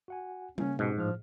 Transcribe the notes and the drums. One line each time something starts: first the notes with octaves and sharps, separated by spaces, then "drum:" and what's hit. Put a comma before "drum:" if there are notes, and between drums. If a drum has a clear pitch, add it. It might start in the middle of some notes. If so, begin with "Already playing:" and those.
F#4 F#5 G#5
C#3 A#3 C#4, drum: tom G3
G#2 B2 C4 C#4 G4
A2 F3 C5 F6